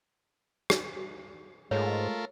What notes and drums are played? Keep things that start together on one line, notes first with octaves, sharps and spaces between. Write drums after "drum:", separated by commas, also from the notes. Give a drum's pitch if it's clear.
drum: rim click
G#2 G#3 A3 F4 A#4 C#5